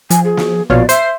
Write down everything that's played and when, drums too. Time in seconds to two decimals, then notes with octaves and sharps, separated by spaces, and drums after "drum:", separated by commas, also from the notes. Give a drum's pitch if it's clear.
0.10 F3 G#5, drum: hi-hat
0.24 G#4
0.37 drum: snare
0.70 A#1 B2 F4 C#5 D5 F5
0.89 C5 E5 C7, drum: hi-hat